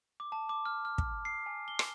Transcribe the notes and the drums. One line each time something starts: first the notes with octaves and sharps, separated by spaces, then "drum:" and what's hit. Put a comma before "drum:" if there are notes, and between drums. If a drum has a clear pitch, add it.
D6
A5
D6
F6
F6
drum: kick
C7
G#5
G7
drum: rim click